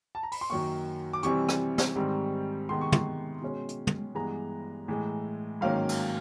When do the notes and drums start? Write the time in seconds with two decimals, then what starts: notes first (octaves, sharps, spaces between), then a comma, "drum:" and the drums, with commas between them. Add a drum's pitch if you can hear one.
0.15 A5
0.23 A#5
0.32 B5, drum: open hi-hat
0.41 C6
0.50 F#2 D#3 F#3 A#3 C#6
1.13 D6
1.23 C3 E3 G3 C4 C#6, drum: hi-hat
1.49 drum: rim click
1.78 drum: snare
1.96 G#2 D#3 G3 C4
2.69 C3 D#3 G#3 B3 C6
2.81 C#6
2.92 C6, drum: tom
3.42 B2 G#3 C#4
3.69 drum: hi-hat
3.87 drum: tom
4.15 G2 E3 G#3 B3 A#5
4.88 A2 E3 G#3
5.61 G#2 D#3 F#3 A#3 C#4 F5
5.89 drum: cymbal